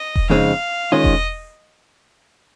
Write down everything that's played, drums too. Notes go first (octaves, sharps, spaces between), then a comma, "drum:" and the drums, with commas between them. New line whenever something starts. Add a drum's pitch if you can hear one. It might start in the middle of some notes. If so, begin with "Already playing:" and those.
Already playing: D#5
drum: kick E1
F2 C#3 G#3 C4 D#4 F5
D#3 G#3 C#4 F4 D#5
drum: kick E1